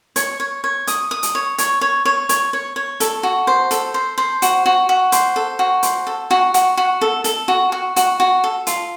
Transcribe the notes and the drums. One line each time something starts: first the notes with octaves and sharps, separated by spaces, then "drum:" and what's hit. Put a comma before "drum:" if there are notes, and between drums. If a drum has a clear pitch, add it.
C#5, drum: hi-hat
C#5
C#5
D#6, drum: hi-hat
D#6
drum: hi-hat
C#5
C#5, drum: hi-hat
C#5
C#5
C#5, drum: hi-hat
C#5
C#5
A4, drum: hi-hat
F#4
C5
A4, drum: hi-hat
C5
C5
F#4, drum: hi-hat
F#4
F#4
C5, drum: hi-hat
A4
F#4
C5, drum: hi-hat
A4
F#4
F#4, drum: hi-hat
F#4
A4
A4, drum: hi-hat
F#4
F#4
F#4, drum: hi-hat
F#4
A4
F4, drum: hi-hat